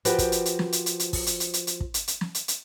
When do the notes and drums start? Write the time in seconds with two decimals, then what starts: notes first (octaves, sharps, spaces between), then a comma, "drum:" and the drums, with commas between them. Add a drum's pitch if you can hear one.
0.05 F3 F#4 G4 A#4 B4, drum: hi-hat
0.18 drum: kick, hi-hat
0.32 drum: hi-hat
0.45 drum: hi-hat
0.59 drum: snare
0.72 drum: hi-hat
0.86 drum: hi-hat
0.99 drum: hi-hat
1.13 drum: kick, open hi-hat
1.27 drum: hi-hat
1.40 drum: hi-hat
1.54 drum: hi-hat
1.67 drum: hi-hat
1.81 drum: kick
1.94 drum: hi-hat
2.08 drum: hi-hat
2.21 drum: snare
2.35 drum: hi-hat
2.48 drum: hi-hat